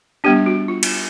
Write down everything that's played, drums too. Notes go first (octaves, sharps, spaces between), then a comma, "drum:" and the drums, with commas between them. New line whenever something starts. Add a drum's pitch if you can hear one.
G3 B3 D4 G4
F#4
F4
drum: cymbal